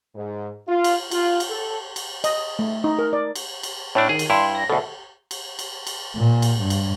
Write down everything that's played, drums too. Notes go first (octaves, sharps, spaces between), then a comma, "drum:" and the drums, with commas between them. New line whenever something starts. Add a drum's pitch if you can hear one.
G#2
F4
drum: cymbal
F4, drum: cymbal
drum: cymbal
A4
drum: cymbal
D#5, drum: cymbal
A3
D#4
A#4
D5
drum: cymbal
drum: cymbal
A2 A3 C#4 D4
D#3 G#4
drum: cymbal
G2 E4 C6
A#6
D2 B2 A4
drum: cymbal
drum: cymbal
drum: cymbal
A#2
drum: cymbal
G2
drum: cymbal